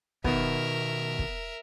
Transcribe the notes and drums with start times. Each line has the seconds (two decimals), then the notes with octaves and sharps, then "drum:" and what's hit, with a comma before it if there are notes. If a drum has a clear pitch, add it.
0.24 B2 D#3 B3 A#4 E5, drum: kick
1.19 drum: kick